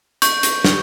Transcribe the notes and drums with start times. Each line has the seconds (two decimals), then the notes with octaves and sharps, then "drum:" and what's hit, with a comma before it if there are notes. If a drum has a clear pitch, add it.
0.22 C#6 G6, drum: hi-hat
0.43 drum: hi-hat
0.65 drum: snare